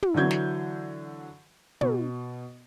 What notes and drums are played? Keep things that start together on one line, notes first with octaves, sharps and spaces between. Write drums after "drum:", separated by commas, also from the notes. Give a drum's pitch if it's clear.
drum: tom
D3 E3 F#3 G6 G#6
drum: snare
B2, drum: tom